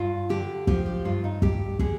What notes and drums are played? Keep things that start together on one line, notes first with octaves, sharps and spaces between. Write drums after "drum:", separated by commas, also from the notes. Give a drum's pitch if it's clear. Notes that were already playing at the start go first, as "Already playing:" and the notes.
Already playing: G2 F4
D3 G4
F3 G4, drum: kick
G4
G2 F4
D#4
G2 G4, drum: kick
D3 G#4, drum: kick